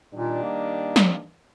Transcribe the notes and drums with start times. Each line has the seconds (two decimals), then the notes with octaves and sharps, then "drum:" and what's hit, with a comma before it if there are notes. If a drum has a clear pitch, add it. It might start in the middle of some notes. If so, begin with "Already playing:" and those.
0.14 A#2 D#3 G3 D4
0.43 A#3
0.96 drum: snare